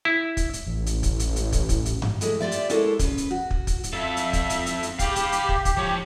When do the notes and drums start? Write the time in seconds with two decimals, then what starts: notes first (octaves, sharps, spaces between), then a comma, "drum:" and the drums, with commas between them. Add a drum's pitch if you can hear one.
0.05 E4
0.37 drum: kick, hi-hat
0.53 drum: hi-hat
0.67 A1
0.86 drum: hi-hat
1.03 drum: kick, hi-hat
1.19 drum: hi-hat
1.36 drum: hi-hat
1.52 drum: kick, hi-hat
1.69 drum: kick, hi-hat
1.85 drum: hi-hat
2.02 drum: tom G2
2.21 E3 G#3 A3, drum: hi-hat
2.40 F4 G4 D5 E5
2.52 drum: hi-hat
2.70 G#3 A#3 E4 A4 C#5, drum: hi-hat
2.99 C#3 B4, drum: kick, hi-hat
3.18 drum: hi-hat
3.31 F#4
3.51 drum: kick
3.67 drum: kick, hi-hat
3.84 drum: hi-hat
3.93 F2 A4 E5
4.17 drum: hi-hat
4.33 drum: kick, hi-hat
4.50 drum: hi-hat
4.66 drum: hi-hat
4.83 drum: hi-hat
4.99 G4 F5 B5, drum: kick, hi-hat
5.16 drum: hi-hat
5.32 drum: hi-hat
5.49 drum: kick
5.65 drum: kick, hi-hat
5.77 F3 C#5